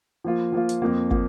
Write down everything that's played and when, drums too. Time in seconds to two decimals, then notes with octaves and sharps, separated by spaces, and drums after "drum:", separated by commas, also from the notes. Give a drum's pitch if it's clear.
0.24 F3 A#3 F4
0.52 F3 A#3 F4
0.69 drum: hi-hat
0.82 F2 F3 A#3
1.11 F3 A#3, drum: kick